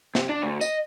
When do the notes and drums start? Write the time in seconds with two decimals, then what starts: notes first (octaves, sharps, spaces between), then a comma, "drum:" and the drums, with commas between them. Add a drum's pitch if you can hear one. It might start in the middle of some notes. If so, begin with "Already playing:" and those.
0.15 C3, drum: snare
0.29 D4
0.42 D2
0.61 D#5, drum: tambourine